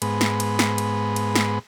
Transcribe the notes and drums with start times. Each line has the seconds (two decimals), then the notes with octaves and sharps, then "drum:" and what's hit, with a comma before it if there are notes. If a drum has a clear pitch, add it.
0.02 G#2 B3, drum: cymbal
0.21 drum: snare
0.40 drum: cymbal
0.59 drum: snare
0.78 drum: cymbal
1.16 drum: cymbal
1.35 drum: snare